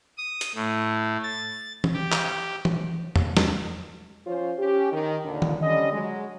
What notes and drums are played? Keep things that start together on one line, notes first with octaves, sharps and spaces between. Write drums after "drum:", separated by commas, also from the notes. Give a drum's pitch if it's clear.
D#6
drum: hi-hat
A2
A6
drum: tom
G4
drum: clap
drum: tom
drum: tom E2
drum: snare
F3 C#4 F4 C5 C#5
C#4 G4
D#3
D#2 A#2 D3
drum: tom D#3
D3 G3 C#4 D#5
F#3 G#3